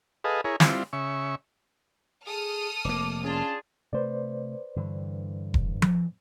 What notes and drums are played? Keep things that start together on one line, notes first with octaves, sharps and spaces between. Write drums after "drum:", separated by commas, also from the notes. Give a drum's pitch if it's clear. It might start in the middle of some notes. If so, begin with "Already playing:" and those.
G#4 A4 B4 D#5 F5
E4 G#4 A#4 C#5
G3 C4 E4 F4, drum: snare
C#3 E5 C#6
G#4 A4 D#6 F6
F1 A#3 D6
C#4 D4 F4 G#4 A5
C3 A3 B4 C5 D5
G2 D3 E3
drum: kick E1
drum: tom F3